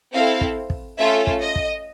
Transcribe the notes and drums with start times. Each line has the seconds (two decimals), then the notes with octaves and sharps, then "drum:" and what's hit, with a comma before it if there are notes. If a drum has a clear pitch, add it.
0.12 C4 E4 A4 F5
0.41 drum: kick
0.70 drum: kick
0.98 A3 C#4 F4 A4 E5
1.27 drum: kick
1.41 D#5
1.56 drum: kick